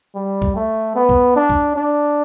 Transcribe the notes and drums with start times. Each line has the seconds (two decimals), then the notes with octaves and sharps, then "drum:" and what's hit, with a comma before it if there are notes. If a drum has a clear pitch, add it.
0.15 G3
0.42 drum: kick
0.56 A3
0.96 B3
1.09 drum: kick
1.36 D4
1.50 drum: kick
1.76 D4